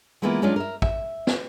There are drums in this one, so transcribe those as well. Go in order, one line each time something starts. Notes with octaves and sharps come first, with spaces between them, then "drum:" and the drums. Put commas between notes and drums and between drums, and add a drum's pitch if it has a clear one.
E3 G#3 A#3 B3 E4 F4
F#3 G#3 C#4 D4 F4
A#4 E5
E5, drum: kick
drum: snare